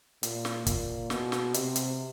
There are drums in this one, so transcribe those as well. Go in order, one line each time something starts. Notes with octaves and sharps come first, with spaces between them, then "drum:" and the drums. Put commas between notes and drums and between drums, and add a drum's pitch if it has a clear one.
A#2, drum: hi-hat
drum: snare
A#2, drum: kick, hi-hat
B2, drum: snare
drum: snare
C3, drum: hi-hat
drum: hi-hat